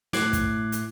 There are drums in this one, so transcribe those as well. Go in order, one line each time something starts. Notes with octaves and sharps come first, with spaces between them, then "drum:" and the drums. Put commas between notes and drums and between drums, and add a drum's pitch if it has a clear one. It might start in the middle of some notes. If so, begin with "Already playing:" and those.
A2 D6 F#6 G#6 C7, drum: snare
drum: kick, hi-hat
drum: hi-hat